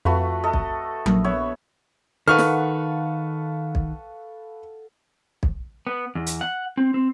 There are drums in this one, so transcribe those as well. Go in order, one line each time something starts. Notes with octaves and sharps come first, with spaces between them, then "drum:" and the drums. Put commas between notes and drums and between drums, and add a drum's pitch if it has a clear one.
F2 A3 F#4 B4
A4 D#5
drum: kick B1
A#1, drum: tom F#3
B3 C#5 E5
D#3 A4 B4 F5 F#5 C#6 F6
drum: snare
drum: kick B1
drum: kick B1
B3
E2
drum: hi-hat
F#5
C4
C4